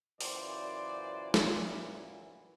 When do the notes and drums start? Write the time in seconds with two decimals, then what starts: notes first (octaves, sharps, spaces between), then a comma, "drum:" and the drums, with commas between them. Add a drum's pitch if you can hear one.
0.21 F#2 A#2 E3 C5 D5, drum: open hi-hat
1.34 drum: snare